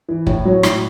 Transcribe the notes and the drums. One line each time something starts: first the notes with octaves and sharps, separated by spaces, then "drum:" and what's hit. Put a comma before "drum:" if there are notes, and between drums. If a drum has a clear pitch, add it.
E3
A2, drum: kick
F#3
A2, drum: rim click